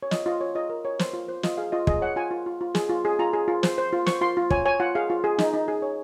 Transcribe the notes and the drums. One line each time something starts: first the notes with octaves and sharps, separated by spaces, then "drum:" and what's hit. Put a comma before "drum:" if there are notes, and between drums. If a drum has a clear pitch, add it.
C#5
F4 D#5, drum: snare
F4 D#5
C#5
F4 D#5
A#4
C#5
C5, drum: snare
F4
C5
F4 D#5, drum: snare
G#4 F5
F4 D#5
G#4 D#5, drum: kick
C#5 F#5
F4 G#5
F4
F4
F4
G#4, drum: snare
F4
G#4
F4 A#5
G#4
F4
C5, drum: snare
C5
F4
C5 C#6, drum: snare
F4 C6
F4
C#5 G#5, drum: kick
C#5 G#5
F4 F#5
G#4 F5
F4
G#4
D#4, drum: snare
D#4
G#4
C#5